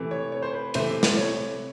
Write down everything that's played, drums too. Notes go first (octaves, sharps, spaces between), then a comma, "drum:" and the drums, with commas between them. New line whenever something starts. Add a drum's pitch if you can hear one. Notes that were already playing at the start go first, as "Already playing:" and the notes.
Already playing: C3 E3 A3
C#5
C#5
C5
B4
C3 E3 A3 C5, drum: cymbal
drum: snare
C#5